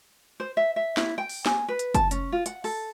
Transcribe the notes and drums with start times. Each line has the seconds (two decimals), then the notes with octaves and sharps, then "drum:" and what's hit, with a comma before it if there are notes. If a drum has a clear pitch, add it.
0.40 C5
0.57 E5
0.76 E5
0.97 E4, drum: snare
1.18 G5
1.29 drum: open hi-hat
1.46 G#5, drum: snare
1.68 B4
1.79 drum: hi-hat
1.94 A5, drum: kick, hi-hat
2.11 C#4, drum: hi-hat
2.32 F4
2.46 F#5, drum: hi-hat
2.64 A4, drum: open hi-hat